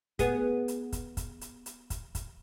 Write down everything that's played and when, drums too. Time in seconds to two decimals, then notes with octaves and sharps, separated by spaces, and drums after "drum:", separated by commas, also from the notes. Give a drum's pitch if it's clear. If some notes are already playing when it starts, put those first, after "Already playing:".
0.19 B3 G#4, drum: kick, hi-hat
0.68 drum: hi-hat
0.92 drum: kick, hi-hat
1.17 drum: kick, hi-hat
1.41 drum: hi-hat
1.66 drum: hi-hat
1.90 drum: kick, hi-hat
2.15 drum: kick, hi-hat